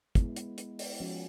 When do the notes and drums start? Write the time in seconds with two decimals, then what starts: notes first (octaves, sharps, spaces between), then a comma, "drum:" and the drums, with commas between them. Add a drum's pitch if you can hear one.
0.15 G#3 B3 E4, drum: kick, hi-hat
0.36 drum: hi-hat
0.58 drum: hi-hat
0.79 drum: open hi-hat
1.00 F3 G#3 C#4 F#4